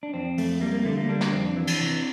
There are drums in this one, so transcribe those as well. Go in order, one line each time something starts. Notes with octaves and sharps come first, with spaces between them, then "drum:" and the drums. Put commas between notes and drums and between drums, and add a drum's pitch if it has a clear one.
D4
F2 C4
F2 A3, drum: open hi-hat
G3 A#3
A#3
D3 A3
A#3
G3 D4
A#3, drum: snare
F2 C4
D4
E3
drum: cymbal
C3